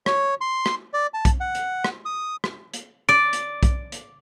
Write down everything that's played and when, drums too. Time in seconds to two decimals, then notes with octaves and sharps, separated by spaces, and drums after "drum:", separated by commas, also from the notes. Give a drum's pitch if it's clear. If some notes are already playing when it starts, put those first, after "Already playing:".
0.06 C#5, drum: rim click
0.41 C6
0.66 drum: rim click
0.93 D5
1.14 A5
1.25 drum: kick B1, hi-hat
1.40 F#5
1.55 drum: hi-hat
1.84 drum: rim click
2.05 D#6
2.44 drum: rim click
2.74 drum: hi-hat
3.09 D5 D7
3.33 drum: hi-hat
3.63 drum: kick B1, hi-hat
3.92 drum: hi-hat